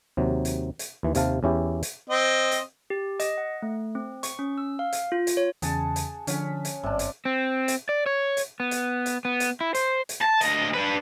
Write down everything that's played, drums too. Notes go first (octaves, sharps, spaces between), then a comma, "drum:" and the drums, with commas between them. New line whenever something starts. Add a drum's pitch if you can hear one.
D#2 C3 F#3
drum: hi-hat
drum: hi-hat
D#2 E3
D#2 C3 F5 A5, drum: hi-hat
E2 C#4 E4 G4
drum: hi-hat
C4 D#5
drum: hi-hat
G4
D#5, drum: hi-hat
F#5
A3
C4
C#6, drum: hi-hat
C#4
E6
F5
drum: hi-hat
F4
drum: hi-hat
C#5
E2 C#3 G#4 F#5 A5, drum: hi-hat
drum: hi-hat
D3 F3 C#4 F#5 B6, drum: hi-hat
drum: hi-hat
G#1 G2 C3 D4
drum: hi-hat
C4
drum: hi-hat
D5
C#5
drum: hi-hat
B3
drum: hi-hat
drum: hi-hat
B3
drum: hi-hat
E4
C5, drum: hi-hat
drum: hi-hat
A5
D2 D#5, drum: hi-hat
D4 B4